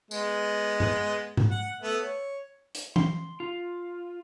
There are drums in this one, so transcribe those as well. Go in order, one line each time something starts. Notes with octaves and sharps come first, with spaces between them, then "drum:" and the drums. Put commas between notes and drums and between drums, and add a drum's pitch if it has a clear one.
G#3 B3, drum: tambourine
drum: tom G2
drum: tom G#2
F#5
A3 B3 E5
C#5
drum: hi-hat
C6, drum: tom E3
F4